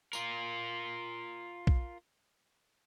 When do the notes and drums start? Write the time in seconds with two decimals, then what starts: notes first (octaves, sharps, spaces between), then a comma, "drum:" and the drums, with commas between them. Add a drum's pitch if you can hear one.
0.13 F4 A#4, drum: tambourine
1.67 drum: kick